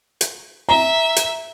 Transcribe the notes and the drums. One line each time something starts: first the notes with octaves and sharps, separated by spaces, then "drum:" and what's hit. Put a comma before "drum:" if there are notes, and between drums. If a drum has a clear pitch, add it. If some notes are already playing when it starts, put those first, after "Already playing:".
drum: hi-hat
E5 A#5
drum: hi-hat